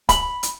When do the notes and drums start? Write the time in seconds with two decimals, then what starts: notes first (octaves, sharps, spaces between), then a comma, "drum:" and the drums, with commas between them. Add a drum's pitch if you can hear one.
0.09 B5, drum: kick C#1, hi-hat
0.43 drum: hi-hat